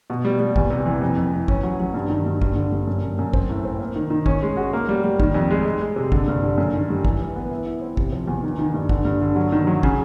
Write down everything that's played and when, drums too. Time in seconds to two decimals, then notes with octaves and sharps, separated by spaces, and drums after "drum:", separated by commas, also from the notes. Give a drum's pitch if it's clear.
0.10 B2
0.25 G3
0.40 G3
0.56 E2, drum: kick
0.70 C3
0.86 E3
1.01 F2
1.17 F2
1.33 E3
1.48 C#4, drum: kick
1.63 F#3
1.80 F#3
1.94 G2
2.10 D#3
2.26 G2
2.42 G2, drum: kick
2.56 D3
2.72 G2
2.87 F#2
3.03 F#2
3.19 F#2
3.34 C4, drum: kick
3.49 A2
3.65 C4
3.80 A#3
3.96 D#3
4.10 D#3
4.26 C#4, drum: kick
4.42 G#3
4.57 F#4
4.73 A#3
4.89 G3
5.04 G3
5.20 D#3, drum: kick
5.34 F2
5.51 G#3
5.65 G#3
5.81 G#3
5.96 C3
6.12 D3, drum: kick
6.28 G2
6.43 D3
6.58 F#2
6.74 D#3
6.90 G3
7.05 E3, drum: kick
7.21 E3
7.36 B3
7.51 E4
7.66 E4
7.81 C4
7.97 C3, drum: kick
8.12 F3
8.28 E2
8.43 D#3
8.59 D#3
8.74 G2
8.89 D3, drum: kick
9.05 G2
9.21 D3
9.36 F#3
9.52 D#3
9.67 F#3
9.83 C#3, drum: kick